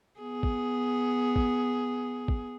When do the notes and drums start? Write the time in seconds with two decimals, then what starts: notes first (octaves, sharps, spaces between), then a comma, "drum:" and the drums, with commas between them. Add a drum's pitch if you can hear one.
0.20 B3 G#4
0.43 drum: kick
1.36 drum: kick
2.28 drum: kick